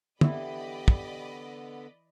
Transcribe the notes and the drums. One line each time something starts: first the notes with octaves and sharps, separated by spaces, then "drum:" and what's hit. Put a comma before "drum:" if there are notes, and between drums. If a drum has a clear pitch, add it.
D3 E3 B3 E4 G4 D5 D#5 B5, drum: tom
drum: kick